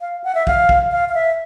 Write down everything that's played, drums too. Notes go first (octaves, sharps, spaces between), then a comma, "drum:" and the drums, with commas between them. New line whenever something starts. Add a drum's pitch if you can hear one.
F5
F#5
E5
F5, drum: kick
drum: kick
F5
F5
E5